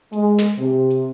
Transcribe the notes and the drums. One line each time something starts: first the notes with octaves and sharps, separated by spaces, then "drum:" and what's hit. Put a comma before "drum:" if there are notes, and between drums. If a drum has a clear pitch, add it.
G#3, drum: hi-hat
drum: snare
C3
drum: hi-hat